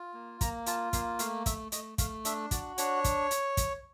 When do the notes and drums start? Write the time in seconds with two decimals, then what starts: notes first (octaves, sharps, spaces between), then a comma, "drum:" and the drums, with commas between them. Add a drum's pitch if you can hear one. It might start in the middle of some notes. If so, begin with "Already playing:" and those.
Already playing: F4
0.14 A#3
0.41 A#3 A#5, drum: kick, hi-hat
0.67 F4 A5, drum: hi-hat
0.93 A#3 F5, drum: kick, hi-hat
1.19 A3 F5, drum: hi-hat
1.46 A3 E5, drum: kick, hi-hat
1.72 A3 D#5, drum: hi-hat
1.98 A3 F5, drum: kick, hi-hat
2.25 D4 E5, drum: hi-hat
2.51 F#4 D5, drum: kick, hi-hat
2.78 D4 C#5, drum: hi-hat
3.05 drum: kick, hi-hat
3.31 drum: hi-hat
3.57 drum: kick, hi-hat